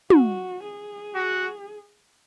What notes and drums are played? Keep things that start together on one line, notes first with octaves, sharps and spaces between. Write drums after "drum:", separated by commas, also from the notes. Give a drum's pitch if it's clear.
F#4, drum: tom
G#4
F#4